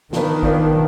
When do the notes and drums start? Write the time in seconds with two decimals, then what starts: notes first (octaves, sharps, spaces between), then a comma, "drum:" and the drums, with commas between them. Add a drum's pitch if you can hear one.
0.13 D#3 F3 B3 D4 F4 B4, drum: snare
0.43 F3 B3 D4 F4 B4, drum: kick